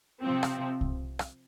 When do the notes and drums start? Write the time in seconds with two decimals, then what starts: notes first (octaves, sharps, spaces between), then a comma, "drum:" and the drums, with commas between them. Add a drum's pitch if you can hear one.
0.23 C3 F3 C4
0.43 drum: rim click
0.81 drum: kick C2
1.19 drum: rim click